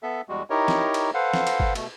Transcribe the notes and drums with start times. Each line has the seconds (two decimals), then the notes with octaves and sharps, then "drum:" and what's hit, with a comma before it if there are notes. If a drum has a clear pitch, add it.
0.03 B3 A4 E5
0.29 E2 G3 G#3 F#4
0.50 D#4 E4 G4 A#4 C#5 D#5
0.68 drum: snare
0.94 drum: cymbal
1.14 A4 B4 C5 F5 F#5
1.34 drum: snare
1.47 drum: cymbal
1.60 drum: kick G1
1.75 B2 A3, drum: cymbal